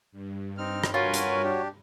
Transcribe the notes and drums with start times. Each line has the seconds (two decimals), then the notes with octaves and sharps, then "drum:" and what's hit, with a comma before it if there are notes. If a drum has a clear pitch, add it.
0.12 G2
0.58 C4 D#4 F6
0.84 drum: rim click
0.94 F4 F#4 A#4 B4 C#5 G#5
1.14 drum: hi-hat
1.44 D4 G4